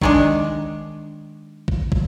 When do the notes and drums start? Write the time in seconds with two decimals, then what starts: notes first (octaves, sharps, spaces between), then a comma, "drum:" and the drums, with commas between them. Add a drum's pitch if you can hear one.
0.02 D#3 G#3 D4, drum: kick
1.68 drum: kick
1.92 drum: kick